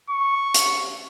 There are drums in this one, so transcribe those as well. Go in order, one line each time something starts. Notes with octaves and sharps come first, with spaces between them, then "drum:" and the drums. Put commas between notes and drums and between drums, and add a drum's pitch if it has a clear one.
C#6
drum: hi-hat